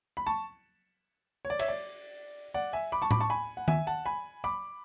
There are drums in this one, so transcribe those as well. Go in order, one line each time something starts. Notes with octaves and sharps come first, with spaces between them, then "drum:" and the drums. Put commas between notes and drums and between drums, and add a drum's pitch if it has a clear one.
B5
A5 C#6
C#5
D5
C#5 E5, drum: cymbal
D5
D5 F#5
E5 G#5
B5 D6
A5 C#6
B5 D6, drum: tom A2
A5 C#6
G#5 B5
F#5
E5 G#5, drum: tom D#3
F#5 A5
G#5 B5
B5 D6